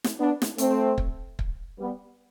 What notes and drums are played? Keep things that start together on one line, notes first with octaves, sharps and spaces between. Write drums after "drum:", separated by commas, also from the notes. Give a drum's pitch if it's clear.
drum: snare
B3 D4
drum: snare
A3 C4, drum: hi-hat
drum: kick
drum: kick
G3 B3